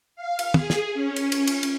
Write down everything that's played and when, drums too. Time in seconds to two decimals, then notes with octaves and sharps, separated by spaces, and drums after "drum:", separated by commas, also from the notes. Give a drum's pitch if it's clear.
0.16 F5
0.39 drum: cymbal
0.54 G#4, drum: tom
0.70 drum: snare
0.94 C#4
1.16 drum: cymbal
1.32 drum: cymbal
1.47 drum: cymbal
1.63 drum: cymbal